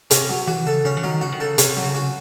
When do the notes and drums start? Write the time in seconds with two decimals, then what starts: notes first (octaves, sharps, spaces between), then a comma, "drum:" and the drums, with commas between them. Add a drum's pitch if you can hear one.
0.11 C3 C#4, drum: hi-hat
0.30 F#3
0.47 E3 F#4
0.66 C#3 A4
0.85 C#3 C#4
0.97 E3
1.03 D#3 F#3
1.21 C#3 F#4
1.32 D#3
1.40 C#3 A4
1.58 C3 C#4, drum: hi-hat
1.77 F#3
1.83 C#3
1.95 F#4